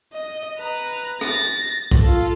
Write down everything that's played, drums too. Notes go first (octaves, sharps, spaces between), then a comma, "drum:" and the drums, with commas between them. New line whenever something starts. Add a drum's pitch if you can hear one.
D#5
B4 A#5
A6 A#6, drum: rim click
drum: kick B1
F4 A4